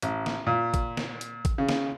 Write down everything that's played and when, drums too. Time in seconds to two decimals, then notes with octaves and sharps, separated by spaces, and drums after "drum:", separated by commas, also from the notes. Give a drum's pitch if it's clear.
0.02 A1, drum: hi-hat
0.26 drum: snare
0.47 A#2
0.74 drum: kick, hi-hat
0.97 drum: snare
1.21 drum: hi-hat
1.45 drum: kick, hi-hat
1.58 C#3
1.69 drum: snare